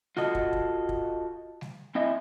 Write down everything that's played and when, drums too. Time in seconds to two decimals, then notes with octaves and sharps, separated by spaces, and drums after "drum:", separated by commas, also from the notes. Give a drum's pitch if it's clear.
0.17 F4 F#4 A4 D#5, drum: snare G3
0.35 drum: kick
0.53 drum: kick
0.89 drum: kick
1.61 drum: snare G3
1.95 C4 E4 D#5 E5 G#5